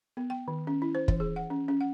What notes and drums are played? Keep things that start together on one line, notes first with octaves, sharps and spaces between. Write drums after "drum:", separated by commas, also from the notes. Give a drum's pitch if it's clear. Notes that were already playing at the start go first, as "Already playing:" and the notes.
B3
G5
D#3
C#4
E4
C5
E3, drum: kick
G#4
F#5
C#4
C#4
F#5